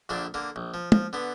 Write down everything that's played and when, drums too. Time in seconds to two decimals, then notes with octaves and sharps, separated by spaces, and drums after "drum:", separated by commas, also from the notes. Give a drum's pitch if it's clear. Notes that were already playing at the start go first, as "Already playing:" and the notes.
0.09 A#1 A#2 D3 D4
0.34 D3 A#3
0.56 A#1
0.74 F3
0.92 F3, drum: tom
1.13 D3 B3